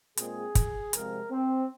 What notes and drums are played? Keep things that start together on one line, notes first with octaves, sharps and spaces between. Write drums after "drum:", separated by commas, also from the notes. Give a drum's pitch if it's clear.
A#2 G#3 C4 G#4, drum: hi-hat
drum: kick, hi-hat
C3 F3 G#3 C4 A#4, drum: hi-hat
C4